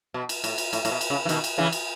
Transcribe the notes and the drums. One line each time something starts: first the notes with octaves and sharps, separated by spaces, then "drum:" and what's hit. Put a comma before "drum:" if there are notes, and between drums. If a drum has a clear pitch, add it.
B2
drum: cymbal
A2, drum: cymbal
drum: cymbal
A2, drum: cymbal
A2, drum: cymbal
B2
drum: cymbal
C#3
E3
B2 D#3, drum: cymbal
drum: cymbal
C#3 E3
drum: cymbal